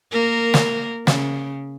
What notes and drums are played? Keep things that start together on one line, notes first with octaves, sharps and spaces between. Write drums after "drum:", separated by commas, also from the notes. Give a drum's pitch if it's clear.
A#3 A#4
drum: snare
C#3, drum: snare